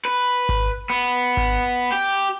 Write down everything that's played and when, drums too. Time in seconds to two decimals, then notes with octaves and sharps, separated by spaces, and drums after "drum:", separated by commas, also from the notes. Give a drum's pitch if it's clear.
0.05 B4
0.49 drum: kick G#1
0.90 B3
1.37 drum: kick G#1
1.92 G4